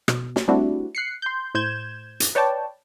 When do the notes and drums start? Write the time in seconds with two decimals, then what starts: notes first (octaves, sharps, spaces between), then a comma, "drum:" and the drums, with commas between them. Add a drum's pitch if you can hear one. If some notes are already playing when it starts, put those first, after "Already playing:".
0.08 B2, drum: rim click
0.36 drum: snare
0.48 G3 A3 C4 D4 E4 F#4
0.95 F#6 C7 C#7
1.22 C6 G6
1.55 A2 C5 G6 G#6 E7
2.20 drum: hi-hat
2.35 B4 C#5 D5 G5 A5